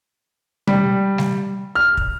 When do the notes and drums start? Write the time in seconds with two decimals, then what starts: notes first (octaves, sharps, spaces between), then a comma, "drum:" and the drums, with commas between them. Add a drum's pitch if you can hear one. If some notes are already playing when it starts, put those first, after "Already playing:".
0.67 G3, drum: tom B2
1.18 drum: snare
1.75 F6
1.97 drum: kick